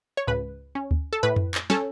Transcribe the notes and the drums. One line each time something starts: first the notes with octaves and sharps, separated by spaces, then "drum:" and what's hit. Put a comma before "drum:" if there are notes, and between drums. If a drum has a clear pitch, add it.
C#5
C#2 B4, drum: tom G#2
C#4
drum: kick D2
A4
A2 B4
drum: tom F2
drum: clap
C#4 A4, drum: snare